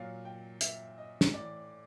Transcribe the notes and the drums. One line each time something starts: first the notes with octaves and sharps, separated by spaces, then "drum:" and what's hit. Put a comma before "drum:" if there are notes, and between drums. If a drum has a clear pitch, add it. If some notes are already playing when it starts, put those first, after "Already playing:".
Already playing: A#2 F#3 F5
G5
E5, drum: hi-hat
D#5
drum: snare
A2 E3 D5